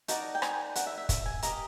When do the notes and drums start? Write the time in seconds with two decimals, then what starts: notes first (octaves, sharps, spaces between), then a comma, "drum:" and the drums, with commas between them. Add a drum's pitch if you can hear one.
0.08 D#4 F#4 A#4 D5 A5, drum: hi-hat
0.35 G5
0.42 G#5, drum: rim click
0.75 F#5, drum: hi-hat
0.86 E5
0.98 E5
1.09 E5, drum: kick, hi-hat
1.26 G#5
1.42 G4 A#4 D#5 A#5, drum: hi-hat